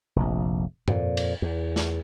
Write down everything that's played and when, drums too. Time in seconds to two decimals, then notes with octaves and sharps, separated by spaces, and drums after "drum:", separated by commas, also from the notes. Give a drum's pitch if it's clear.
0.16 F1 A#1
0.88 F2 A#2, drum: tom G2
1.17 drum: cymbal
1.42 E2
1.76 drum: snare